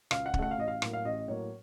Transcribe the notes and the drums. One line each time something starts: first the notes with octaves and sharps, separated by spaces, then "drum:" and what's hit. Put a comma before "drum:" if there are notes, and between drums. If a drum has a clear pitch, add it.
C#2 F5, drum: rim click
F#5
C#3, drum: kick
A3 F#5
F5
A1 D#5
F5
A2 F#3 A#3, drum: rim click
F5
A1 D#5
A2 F#3 A#3 C#5